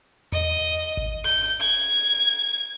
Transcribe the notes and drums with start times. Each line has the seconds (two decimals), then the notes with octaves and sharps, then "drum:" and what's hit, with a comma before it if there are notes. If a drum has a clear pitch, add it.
0.32 D#5, drum: tom E2
0.67 drum: open hi-hat
0.97 drum: kick G#1
1.24 G6
1.59 G#6
2.51 drum: hi-hat